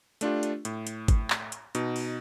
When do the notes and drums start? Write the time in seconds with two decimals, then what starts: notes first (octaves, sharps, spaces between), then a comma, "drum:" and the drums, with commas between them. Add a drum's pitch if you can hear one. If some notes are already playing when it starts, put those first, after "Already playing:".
0.21 A3 D4 F4 G4, drum: hi-hat
0.43 drum: hi-hat
0.65 A2, drum: hi-hat
0.87 drum: hi-hat
1.08 drum: kick, hi-hat
1.30 drum: clap
1.52 drum: hi-hat
1.75 B2 D#4, drum: hi-hat
1.96 drum: open hi-hat